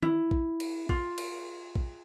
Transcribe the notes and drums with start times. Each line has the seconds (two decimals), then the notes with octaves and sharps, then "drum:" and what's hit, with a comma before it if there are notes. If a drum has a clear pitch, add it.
0.02 E4, drum: tom D#3
0.31 drum: kick A#1
0.60 drum: cymbal
0.89 F4, drum: kick A#1
1.18 drum: cymbal
1.75 drum: kick A#1